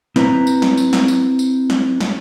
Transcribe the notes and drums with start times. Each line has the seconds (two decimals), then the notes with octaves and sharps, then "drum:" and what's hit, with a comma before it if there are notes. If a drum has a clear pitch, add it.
0.16 C4 E4 B4 C5 A#5, drum: snare
0.47 drum: tambourine
0.62 drum: snare
0.77 drum: tambourine
0.93 drum: snare
1.08 drum: tambourine
1.39 drum: tambourine
1.70 drum: snare
2.00 drum: snare